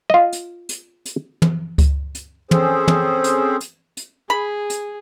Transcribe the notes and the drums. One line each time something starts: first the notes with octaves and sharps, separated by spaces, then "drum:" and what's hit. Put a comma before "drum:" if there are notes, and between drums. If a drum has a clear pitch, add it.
F4 D#5
drum: hi-hat
drum: hi-hat
drum: hi-hat
drum: tom
drum: kick C#2, hi-hat
drum: hi-hat
C4 C#4 G#4 A4 C5, drum: tom
drum: tom
drum: hi-hat
drum: hi-hat
drum: hi-hat
G#4 B5
drum: hi-hat